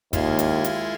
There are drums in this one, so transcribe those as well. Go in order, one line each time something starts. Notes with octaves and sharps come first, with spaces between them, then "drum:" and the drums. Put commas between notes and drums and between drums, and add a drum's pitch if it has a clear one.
D#2 G#3 E4 F4, drum: kick, hi-hat
drum: hi-hat
drum: hi-hat